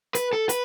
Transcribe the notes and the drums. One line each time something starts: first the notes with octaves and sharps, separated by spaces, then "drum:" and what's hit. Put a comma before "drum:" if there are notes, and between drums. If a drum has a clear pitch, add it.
B4, drum: hi-hat
A4
B4, drum: hi-hat